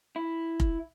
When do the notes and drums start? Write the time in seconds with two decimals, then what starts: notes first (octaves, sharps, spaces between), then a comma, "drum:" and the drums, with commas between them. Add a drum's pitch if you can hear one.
0.16 E4
0.60 drum: kick F1